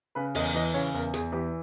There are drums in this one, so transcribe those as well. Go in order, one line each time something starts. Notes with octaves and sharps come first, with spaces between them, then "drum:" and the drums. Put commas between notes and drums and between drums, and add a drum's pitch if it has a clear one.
C#3 B4
E2 D#5, drum: open hi-hat
E3 D#5
C#3 C#5
E2 A#4
E2 G#4, drum: hi-hat
E3 G4